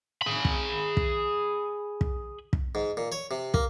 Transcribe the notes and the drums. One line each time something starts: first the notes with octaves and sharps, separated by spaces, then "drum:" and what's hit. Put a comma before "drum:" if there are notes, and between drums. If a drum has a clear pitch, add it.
G#4 B5
drum: kick
drum: kick
drum: kick
drum: kick
G#2
A#2
C#5
C3
A#3, drum: kick